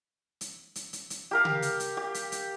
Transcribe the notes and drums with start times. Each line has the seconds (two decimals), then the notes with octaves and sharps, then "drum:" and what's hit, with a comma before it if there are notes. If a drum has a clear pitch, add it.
0.41 drum: hi-hat
0.75 drum: hi-hat
0.93 drum: hi-hat
1.10 drum: hi-hat
1.31 G4 A#4 F5
1.45 drum: tom C#3
1.62 drum: hi-hat
1.80 drum: hi-hat
1.97 G4
2.14 drum: hi-hat
2.32 drum: hi-hat